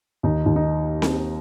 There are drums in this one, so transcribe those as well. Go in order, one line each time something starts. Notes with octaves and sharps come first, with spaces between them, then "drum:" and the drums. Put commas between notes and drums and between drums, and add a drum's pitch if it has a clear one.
D#2 D#4
D#2
D#4
drum: snare C4